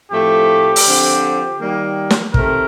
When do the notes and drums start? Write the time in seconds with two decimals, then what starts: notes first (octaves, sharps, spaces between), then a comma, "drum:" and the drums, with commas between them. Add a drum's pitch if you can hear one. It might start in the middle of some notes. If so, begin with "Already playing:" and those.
0.12 A2 F3 A3 C4 G4
0.76 drum: open hi-hat
0.86 D3 F3 C4
1.60 D#3 G3 A#3
2.10 drum: snare
2.34 C3 D#3 A3 C4 A#4, drum: kick